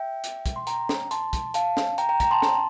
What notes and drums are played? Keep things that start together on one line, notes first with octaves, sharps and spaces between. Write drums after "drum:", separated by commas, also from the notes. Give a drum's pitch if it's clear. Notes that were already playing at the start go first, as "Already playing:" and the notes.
Already playing: E5 G5
drum: hi-hat
drum: kick, hi-hat
C6
G5 A#5, drum: hi-hat
drum: snare
A5 C6, drum: hi-hat
drum: kick, hi-hat
F5 A5, drum: hi-hat
drum: snare
G5 A#5, drum: hi-hat
G5 A#5
G5 A#5, drum: kick, hi-hat
A5 C6
drum: snare